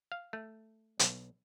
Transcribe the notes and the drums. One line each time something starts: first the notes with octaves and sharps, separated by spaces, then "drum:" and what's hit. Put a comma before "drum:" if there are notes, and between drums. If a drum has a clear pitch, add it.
F5
A3
B1, drum: hi-hat